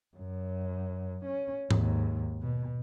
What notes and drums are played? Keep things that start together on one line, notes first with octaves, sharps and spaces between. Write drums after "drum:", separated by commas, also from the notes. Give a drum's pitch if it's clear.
F#2
C#4
D#2 G#2, drum: tom G#2
B2